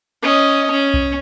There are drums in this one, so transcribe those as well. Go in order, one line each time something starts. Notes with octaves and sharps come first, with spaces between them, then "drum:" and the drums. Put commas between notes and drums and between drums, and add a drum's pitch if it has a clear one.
C#4 D#5
C#4
drum: kick C2